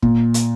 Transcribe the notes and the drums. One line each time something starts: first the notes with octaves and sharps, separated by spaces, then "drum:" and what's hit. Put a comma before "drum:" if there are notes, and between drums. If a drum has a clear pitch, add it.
A#2, drum: kick
drum: hi-hat